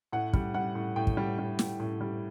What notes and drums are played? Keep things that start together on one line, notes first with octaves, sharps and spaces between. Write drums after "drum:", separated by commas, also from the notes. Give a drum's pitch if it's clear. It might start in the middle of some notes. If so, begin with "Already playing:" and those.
A2 F#5
G3, drum: kick
G3 F#5
A2
A2 G5
drum: kick
G3
G3
A2, drum: snare
A2
G3